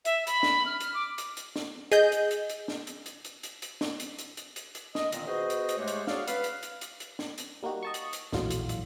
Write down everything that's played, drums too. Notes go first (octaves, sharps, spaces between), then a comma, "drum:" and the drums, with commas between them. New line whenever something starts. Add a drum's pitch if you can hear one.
E5, drum: hi-hat
B5, drum: hi-hat
drum: snare
F6
drum: hi-hat
D6
drum: hi-hat
drum: hi-hat
drum: snare
G#4 D#5 G6, drum: hi-hat
drum: hi-hat
drum: hi-hat
drum: hi-hat
drum: snare
drum: hi-hat
drum: hi-hat
drum: hi-hat
drum: hi-hat
drum: hi-hat
drum: snare
drum: hi-hat
drum: hi-hat
drum: hi-hat
drum: hi-hat
drum: hi-hat
D#5, drum: snare
A#2 D#3, drum: hi-hat
B3 F#4 G#4 C5 D#5
drum: hi-hat
drum: hi-hat
G#2 G#3 A3 G4 C5 C#5
drum: hi-hat
F#4 G#4 C#5 D5 F5, drum: snare
B4 F5, drum: hi-hat
drum: hi-hat
drum: hi-hat
drum: hi-hat
drum: hi-hat
drum: snare
drum: hi-hat
G3 A#3 D#4 F#4 G4
D#5 A5 C#6
drum: hi-hat
drum: hi-hat
A#1 E2 A2 F#3 F4, drum: snare
drum: hi-hat
drum: hi-hat